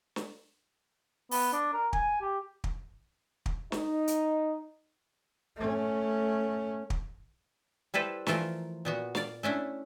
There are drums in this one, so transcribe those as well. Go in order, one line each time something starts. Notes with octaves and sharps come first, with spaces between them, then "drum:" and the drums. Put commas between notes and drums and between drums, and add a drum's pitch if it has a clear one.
drum: snare
B3, drum: open hi-hat
D4
A#4
G#5, drum: kick
G4
drum: kick
drum: kick
D#4, drum: snare
drum: hi-hat
A3 C#4
drum: kick
G3 E4 A4 B4 C5
E3 F3 A3 F4 A#4, drum: snare
A#2 B3 F#4
D5 F5, drum: snare
A3 C#4 D4 E4